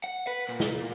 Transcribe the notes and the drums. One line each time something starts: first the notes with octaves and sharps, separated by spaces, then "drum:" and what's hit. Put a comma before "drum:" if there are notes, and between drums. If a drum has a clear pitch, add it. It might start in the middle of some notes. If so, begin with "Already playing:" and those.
F#5
B4
A#2
drum: snare